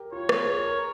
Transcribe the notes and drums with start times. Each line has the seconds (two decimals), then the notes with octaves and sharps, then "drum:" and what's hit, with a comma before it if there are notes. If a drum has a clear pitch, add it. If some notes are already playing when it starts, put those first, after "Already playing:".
Already playing: G4 A#4
0.12 F4 C#5
0.29 drum: rim click
0.46 G#4
0.57 A#4
0.68 A#4